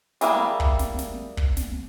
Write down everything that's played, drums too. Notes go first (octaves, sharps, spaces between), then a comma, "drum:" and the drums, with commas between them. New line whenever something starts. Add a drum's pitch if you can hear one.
G3 A#3 C#4 E4 G#4, drum: snare
drum: kick
drum: snare
drum: snare
drum: kick
drum: snare